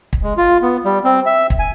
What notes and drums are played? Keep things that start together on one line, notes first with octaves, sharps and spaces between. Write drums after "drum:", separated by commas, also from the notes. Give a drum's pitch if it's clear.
drum: kick
G#3
F4
B3
G3
C4
E5
drum: kick
G#5